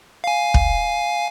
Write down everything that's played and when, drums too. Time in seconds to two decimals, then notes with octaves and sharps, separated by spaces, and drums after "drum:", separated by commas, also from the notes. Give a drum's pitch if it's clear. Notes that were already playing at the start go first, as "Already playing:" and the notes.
0.24 F5 G#5
0.54 drum: kick